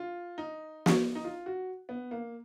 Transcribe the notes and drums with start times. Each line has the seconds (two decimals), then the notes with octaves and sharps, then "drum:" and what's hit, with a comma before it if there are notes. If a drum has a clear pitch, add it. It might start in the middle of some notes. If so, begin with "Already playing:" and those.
Already playing: F4
0.38 D#4
0.86 drum: snare
1.15 D#4
1.24 F4
1.46 F#4
1.89 B3
2.11 A#3